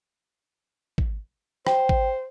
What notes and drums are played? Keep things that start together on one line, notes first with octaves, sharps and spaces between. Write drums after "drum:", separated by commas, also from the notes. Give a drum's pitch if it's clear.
drum: kick
C5 G5, drum: rim click
drum: kick